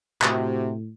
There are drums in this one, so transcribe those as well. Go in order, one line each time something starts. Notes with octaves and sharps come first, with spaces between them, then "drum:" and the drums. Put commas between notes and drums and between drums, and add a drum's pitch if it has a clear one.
A2 C3 F#4, drum: clap